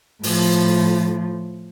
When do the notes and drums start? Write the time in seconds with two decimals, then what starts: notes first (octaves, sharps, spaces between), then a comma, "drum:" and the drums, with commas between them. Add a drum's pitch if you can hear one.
0.23 A2 F3, drum: open hi-hat